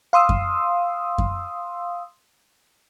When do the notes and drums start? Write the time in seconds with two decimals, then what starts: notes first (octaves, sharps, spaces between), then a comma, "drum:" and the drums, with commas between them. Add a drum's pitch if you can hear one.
0.13 F5 C6 D#6 E6
0.29 drum: kick F#2
1.18 drum: kick F#2